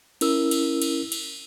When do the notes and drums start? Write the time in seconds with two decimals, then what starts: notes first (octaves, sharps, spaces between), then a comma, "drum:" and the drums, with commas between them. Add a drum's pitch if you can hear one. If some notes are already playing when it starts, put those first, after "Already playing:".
0.21 C#4 E4 A#4 E6, drum: cymbal
0.51 drum: cymbal
0.82 drum: cymbal
1.12 drum: cymbal